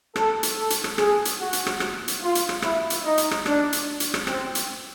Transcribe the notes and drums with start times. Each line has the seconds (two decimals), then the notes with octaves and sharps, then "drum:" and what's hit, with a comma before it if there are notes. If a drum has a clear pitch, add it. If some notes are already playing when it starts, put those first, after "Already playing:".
0.16 A4, drum: rim click
0.43 drum: hi-hat
0.57 A4
0.70 drum: hi-hat
0.84 drum: rim click
0.98 G#4, drum: rim click
1.25 drum: hi-hat
1.39 F#4
1.53 drum: hi-hat
1.66 drum: rim click
1.80 drum: rim click
2.08 drum: hi-hat
2.22 F4
2.35 drum: hi-hat
2.49 drum: rim click
2.62 E4, drum: rim click
2.90 drum: hi-hat
3.04 D#4
3.18 drum: hi-hat
3.31 drum: rim click
3.46 D4, drum: rim click
3.73 drum: hi-hat
4.00 drum: hi-hat
4.14 drum: rim click
4.27 C4, drum: rim click
4.55 drum: hi-hat